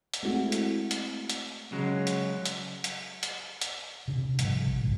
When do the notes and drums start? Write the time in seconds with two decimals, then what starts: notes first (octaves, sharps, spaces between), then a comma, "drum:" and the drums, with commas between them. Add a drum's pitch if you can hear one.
0.14 drum: hi-hat
0.23 G#3 A3 C4 E4 F#4
0.52 drum: hi-hat
0.91 drum: hi-hat
1.30 drum: hi-hat
1.72 C#3 F#3 G#3
2.07 drum: hi-hat
2.45 drum: hi-hat
2.84 drum: hi-hat
3.23 drum: hi-hat
3.61 drum: hi-hat
4.08 C3 D4
4.39 G#2 C3 F3 G3, drum: hi-hat
4.66 A#1
4.83 G#1 C#2 G2